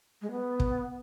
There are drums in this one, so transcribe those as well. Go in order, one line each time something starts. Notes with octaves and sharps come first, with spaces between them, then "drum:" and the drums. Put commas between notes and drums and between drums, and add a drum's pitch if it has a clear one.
G#3
B3
drum: kick